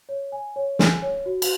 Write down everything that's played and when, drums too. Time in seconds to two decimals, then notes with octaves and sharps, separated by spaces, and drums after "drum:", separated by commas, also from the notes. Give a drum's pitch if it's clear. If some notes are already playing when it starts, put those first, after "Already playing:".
0.09 C#5
0.32 G#5
0.56 C#5
0.79 G#5, drum: snare
1.02 C#5
1.26 F#4
1.42 drum: cymbal